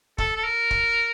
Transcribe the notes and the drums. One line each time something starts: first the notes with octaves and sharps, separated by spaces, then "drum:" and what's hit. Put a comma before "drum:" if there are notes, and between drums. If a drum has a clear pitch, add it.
A4, drum: kick
A4
A#4
drum: kick